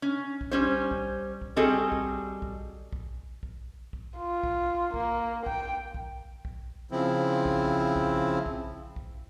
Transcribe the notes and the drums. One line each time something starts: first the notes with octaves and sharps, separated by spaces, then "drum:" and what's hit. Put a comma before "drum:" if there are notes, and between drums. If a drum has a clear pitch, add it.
C#4
drum: kick
G3 C#4 C5
drum: kick
drum: kick
G3 C4 F#4 G#4 A4 D#5
drum: kick
drum: kick
drum: kick
drum: kick
drum: kick
F4
drum: kick
A#3, drum: kick
G5, drum: kick
drum: kick
drum: kick
C#3 F3 C4 E4
drum: kick
drum: kick
drum: kick
drum: kick